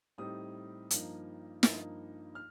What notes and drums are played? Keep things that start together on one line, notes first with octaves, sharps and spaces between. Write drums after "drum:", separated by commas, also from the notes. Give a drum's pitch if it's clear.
A2 G3 C4 D#4 D#6
G2 F3 A#3 D#4, drum: hi-hat
G2 F3 A#3 D#4, drum: snare
F6